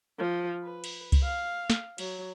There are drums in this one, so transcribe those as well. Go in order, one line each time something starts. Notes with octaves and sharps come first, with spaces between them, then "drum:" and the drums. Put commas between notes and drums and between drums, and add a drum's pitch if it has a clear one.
F3
B4
drum: cymbal
drum: kick C2, cymbal
F5
drum: snare
F#3, drum: cymbal